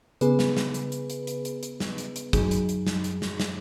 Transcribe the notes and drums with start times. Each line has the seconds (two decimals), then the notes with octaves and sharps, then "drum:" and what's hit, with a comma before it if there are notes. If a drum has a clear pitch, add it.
0.21 C#3 B3 G#4 B4, drum: hi-hat
0.39 drum: snare
0.57 drum: snare
0.74 drum: hi-hat
0.92 drum: hi-hat
1.10 drum: hi-hat
1.27 drum: hi-hat
1.45 drum: hi-hat
1.63 drum: hi-hat
1.80 drum: snare
1.98 drum: hi-hat
2.16 drum: hi-hat
2.33 F#2 F#3 D#4 G#4, drum: kick, hi-hat
2.51 drum: hi-hat
2.69 drum: hi-hat
2.87 drum: snare
3.04 drum: hi-hat
3.22 drum: snare
3.40 drum: snare